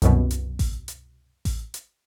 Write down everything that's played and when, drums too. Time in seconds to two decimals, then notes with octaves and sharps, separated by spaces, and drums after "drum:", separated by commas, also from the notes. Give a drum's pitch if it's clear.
0.02 C2 F#2 B2, drum: hi-hat
0.31 drum: hi-hat
0.59 drum: kick A1, open hi-hat
0.88 drum: hi-hat
1.45 drum: kick A1, open hi-hat
1.74 drum: hi-hat